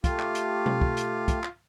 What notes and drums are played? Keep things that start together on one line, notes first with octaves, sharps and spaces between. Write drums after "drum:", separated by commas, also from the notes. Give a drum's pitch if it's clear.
A3 F4 G4, drum: kick, hi-hat
drum: clap
drum: hi-hat
drum: tom B2
drum: kick
drum: hi-hat
drum: kick, hi-hat
drum: clap